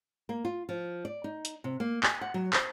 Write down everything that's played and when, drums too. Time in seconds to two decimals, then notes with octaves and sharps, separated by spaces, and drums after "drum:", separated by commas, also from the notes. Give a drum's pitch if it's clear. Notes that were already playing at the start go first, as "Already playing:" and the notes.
0.29 A#3
0.45 F4
0.69 F3
1.05 D5
1.24 D#4
1.45 drum: hi-hat
1.64 C3
1.80 A#3
2.03 G#5, drum: clap
2.21 F#5
2.34 F#3
2.53 C5, drum: clap